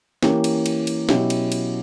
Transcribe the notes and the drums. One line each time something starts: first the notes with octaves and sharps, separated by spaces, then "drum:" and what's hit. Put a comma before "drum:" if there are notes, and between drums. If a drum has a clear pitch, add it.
E3 A#3 C#4 G4, drum: snare
drum: cymbal
drum: cymbal
drum: cymbal
B2 F#3 C#4 E4 G4, drum: snare
drum: cymbal
drum: cymbal